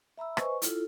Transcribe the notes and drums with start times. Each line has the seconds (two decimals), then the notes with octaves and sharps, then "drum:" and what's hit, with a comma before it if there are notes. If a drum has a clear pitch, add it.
0.18 E5 A#5 B5 E6
0.37 B4 C5 D#5 G#5 C#6, drum: rim click
0.62 E4 F4 A4, drum: hi-hat